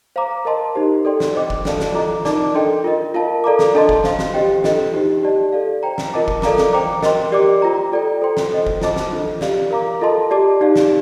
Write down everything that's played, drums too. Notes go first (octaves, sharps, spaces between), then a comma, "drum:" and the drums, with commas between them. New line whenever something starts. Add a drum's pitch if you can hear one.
C5 F5 A#5 D6
A#4 D#5 A5 C6
D#4 G4 C5
A4 D5 G5 C6
drum: snare
C5 D#5 G5 D6
drum: kick F#1
D4 A4 D5 F5 A5, drum: snare
drum: snare
F4 A4 D#5 A#5 D6
D#4 A#4 D5 A5 D6, drum: snare
D4 A4 D#5 G5 C6
F4 A#4 D#5
F4 A#4 F5 A5
A4 D5 F5 A#5 D6
drum: snare
D4 A4 D#5 A5 C6
drum: kick F#1
C5 F5 C6, drum: snare
drum: snare
G4 C5 D#5 G5
D4 F4 A4 D#5 G5, drum: snare
D#4 G4 C5 D#5
G4 D5 A5
A4 D5 F5
C5 G5 A#5
drum: snare
F4 A#4 D#5 A5 D6
drum: kick F#1
A4 D5 F5 A#5 D6, drum: snare
drum: snare
C5 G5 A#5 D6
A#4 D#5 G5 C6, drum: snare
G4 D5 G5 D6
F4 C5 G5 A#5
F4 A4 D5 G5
A4 C5 G5 C6
drum: snare
A4 C5 D#5
drum: kick F#1
F4 C5 D#5 A5 D6, drum: snare
drum: snare
D4 F4 A4
G4 D5 F5, drum: snare
A#4 F5 A#5 D6
F4 A4 D#5 A5 C6
G4 D5 A5 D6
D#4 G4 D5 F5
drum: snare